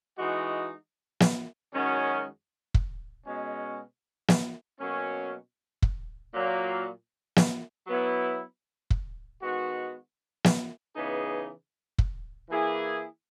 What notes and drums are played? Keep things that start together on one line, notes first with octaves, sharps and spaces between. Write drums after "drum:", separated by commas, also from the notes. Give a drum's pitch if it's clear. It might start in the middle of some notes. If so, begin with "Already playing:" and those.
E3 G#3 D#4 F#4
drum: snare
F#2 D#3 G#3 C#4 F#4
drum: kick
B2 G#3 C#4
drum: snare
B2 F#3 A#3 C#4
drum: kick
A#2 F#3 A#3
drum: snare
F#3 B3 E4
drum: kick
D#3 G#3 B3 F#4
drum: snare
C#3 E3 B3 D#4 G#4
drum: kick
E3 A#3 E4 G#4